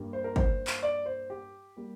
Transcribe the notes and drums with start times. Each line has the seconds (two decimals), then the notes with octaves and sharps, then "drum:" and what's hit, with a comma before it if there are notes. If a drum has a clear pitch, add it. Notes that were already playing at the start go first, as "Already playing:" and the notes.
Already playing: G2 G3 A#3
0.13 C5
0.24 A#4
0.36 C5, drum: kick
0.67 drum: clap
0.83 D5
1.06 C5
1.30 G4
1.77 G3 A#3